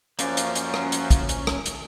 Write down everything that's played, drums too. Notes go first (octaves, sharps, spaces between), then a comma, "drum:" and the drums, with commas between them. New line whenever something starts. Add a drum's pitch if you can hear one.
F#2 F3 A#3 C#4 D5, drum: hi-hat
drum: hi-hat
drum: hi-hat
drum: rim click
drum: hi-hat
drum: kick, hi-hat
drum: hi-hat
drum: rim click
drum: hi-hat